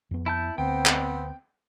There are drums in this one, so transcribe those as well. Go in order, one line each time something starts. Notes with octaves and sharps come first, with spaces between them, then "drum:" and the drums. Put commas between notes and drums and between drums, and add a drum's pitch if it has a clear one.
F2 B3
E4 A5 G6
D2 B3 C4 G5
drum: clap